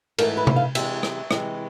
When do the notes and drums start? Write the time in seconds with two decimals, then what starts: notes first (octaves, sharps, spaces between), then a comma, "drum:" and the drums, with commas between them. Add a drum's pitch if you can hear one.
0.18 G#2 E3 A3 A#4, drum: cymbal
0.37 B4
0.47 drum: tom C3
0.56 F5
0.75 C3 E3 G#3 E5, drum: cymbal
1.03 drum: rim click
1.31 C3 E3 G#3, drum: rim click